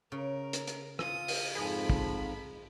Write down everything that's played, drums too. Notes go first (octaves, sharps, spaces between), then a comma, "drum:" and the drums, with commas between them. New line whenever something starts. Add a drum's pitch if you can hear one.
C#3 A#4
drum: hi-hat
drum: hi-hat
F4 D#6, drum: rim click
drum: open hi-hat
F2 G#2 F3 G#4 B5
drum: kick